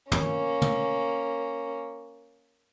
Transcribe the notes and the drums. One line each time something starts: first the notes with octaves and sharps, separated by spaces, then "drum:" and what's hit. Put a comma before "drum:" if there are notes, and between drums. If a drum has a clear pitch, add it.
A#3 C#4, drum: tom
drum: tom